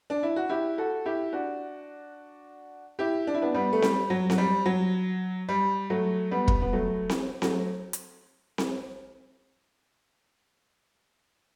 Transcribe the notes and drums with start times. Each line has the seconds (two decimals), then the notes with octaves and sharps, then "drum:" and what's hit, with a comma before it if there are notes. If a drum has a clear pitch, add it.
0.10 D4
0.23 E4
0.36 F#4
0.49 E4 G4
0.78 F#4 A4
1.05 E4 G4
1.33 D4 F#4
2.99 E4 G4
3.27 D4
3.34 E4
3.41 B3 D4
3.54 G3 B3
3.73 A3
3.82 G3, drum: snare C4
4.10 F#3
4.30 F#3, drum: snare C4
4.38 G3
4.66 F#3
5.49 G3
5.90 F#3 A3
6.31 G3 B3
6.48 drum: kick
6.62 B3
6.73 F#3 A3
7.10 drum: snare C4
7.42 F#3 A3, drum: snare C4
7.93 drum: hi-hat
8.58 drum: snare C4